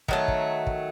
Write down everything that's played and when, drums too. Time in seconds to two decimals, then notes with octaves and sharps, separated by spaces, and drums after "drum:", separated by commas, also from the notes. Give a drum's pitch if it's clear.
0.08 D#3 F#3 A3, drum: kick
0.28 drum: kick
0.67 drum: kick